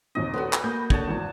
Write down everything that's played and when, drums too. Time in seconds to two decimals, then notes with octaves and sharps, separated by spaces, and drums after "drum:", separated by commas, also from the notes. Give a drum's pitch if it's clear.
0.15 D#2 A#2 C4 D#5
0.34 B3 F#4 A4 A#4 C5
0.53 drum: clap
0.64 A#3 B5 G6 A#6
0.90 D3 C#5 F#5 A5, drum: kick
1.08 G#1 E2